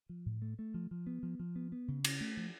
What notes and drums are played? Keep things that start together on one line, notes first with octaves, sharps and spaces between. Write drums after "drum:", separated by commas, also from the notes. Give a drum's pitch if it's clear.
F3
A2
A3
A3
F3
F3
B3
F3
F3
B3
B3
C#3
C#4, drum: cymbal
A3
F3